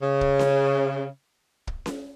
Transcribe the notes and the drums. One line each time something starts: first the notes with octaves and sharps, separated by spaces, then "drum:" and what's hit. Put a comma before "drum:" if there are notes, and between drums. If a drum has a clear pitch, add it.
C#3
drum: kick
drum: snare C#4
drum: kick
drum: snare C#4